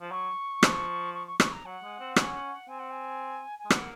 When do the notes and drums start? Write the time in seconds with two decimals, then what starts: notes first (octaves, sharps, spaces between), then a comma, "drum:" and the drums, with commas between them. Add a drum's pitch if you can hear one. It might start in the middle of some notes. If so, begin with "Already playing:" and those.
0.01 F3
0.11 F#3 C#6
0.63 F3, drum: rim click
1.14 C#6
1.27 C#6
1.40 C#6, drum: rim click
1.52 A#5
1.65 F#3 F#5
1.83 G#3
2.00 C4
2.16 C#4, drum: rim click
2.68 C4 G#5
2.79 F#5
2.91 G#5
3.59 G#5
3.65 G#3
3.70 A#3 F#5, drum: rim click